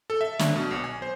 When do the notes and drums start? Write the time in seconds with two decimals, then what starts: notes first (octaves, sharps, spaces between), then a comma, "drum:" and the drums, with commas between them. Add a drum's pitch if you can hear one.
0.10 A4
0.21 E5
0.39 D4, drum: snare
0.56 B2
0.71 B1
0.84 G#5
1.02 C5